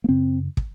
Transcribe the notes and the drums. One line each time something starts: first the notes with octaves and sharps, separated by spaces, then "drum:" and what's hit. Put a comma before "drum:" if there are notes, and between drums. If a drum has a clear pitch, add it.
A#3
F#2 C#3 C4
drum: kick